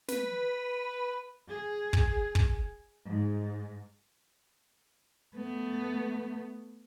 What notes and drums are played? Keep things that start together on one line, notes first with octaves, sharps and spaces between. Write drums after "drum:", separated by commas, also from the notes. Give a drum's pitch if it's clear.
B4, drum: snare
G#4
drum: kick
drum: kick
G#2
A3 B3